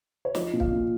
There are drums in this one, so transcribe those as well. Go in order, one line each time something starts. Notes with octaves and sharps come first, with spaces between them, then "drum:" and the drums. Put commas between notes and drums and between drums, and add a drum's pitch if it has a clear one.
C#5
F3 D#5, drum: snare
A#2
F5, drum: kick
A#2